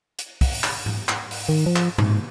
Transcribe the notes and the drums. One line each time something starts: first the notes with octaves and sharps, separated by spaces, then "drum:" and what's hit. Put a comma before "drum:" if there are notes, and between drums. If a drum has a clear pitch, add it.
drum: hi-hat
drum: kick, open hi-hat
drum: clap
drum: tom G#2
drum: clap
drum: open hi-hat
D#3
F3
drum: clap
G#2, drum: tom A2